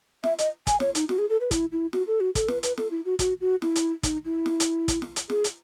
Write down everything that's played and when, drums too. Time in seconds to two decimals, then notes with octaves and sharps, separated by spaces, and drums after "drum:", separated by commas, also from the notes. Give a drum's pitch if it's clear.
0.24 E5, drum: snare
0.39 D#5, drum: hi-hat
0.67 G#5, drum: kick, hi-hat
0.80 C#5, drum: snare
0.95 D#4, drum: hi-hat
1.09 F#4, drum: snare
1.18 G#4
1.30 A4
1.41 B4
1.51 E4, drum: kick, hi-hat
1.72 E4
1.93 F#4, drum: snare
2.07 A4
2.20 F#4
2.35 A4, drum: kick, hi-hat
2.48 B4, drum: snare
2.63 B4, drum: hi-hat
2.78 A4, drum: snare
2.91 E4
3.05 F#4
3.19 F#4, drum: kick, hi-hat
3.41 F#4
3.62 E4, drum: snare
3.76 drum: hi-hat
4.03 D#4, drum: kick, hi-hat
4.25 E4
4.46 drum: snare
4.60 drum: hi-hat
4.88 drum: kick, hi-hat
5.02 drum: snare
5.16 drum: hi-hat
5.30 G#4, drum: snare
5.44 drum: hi-hat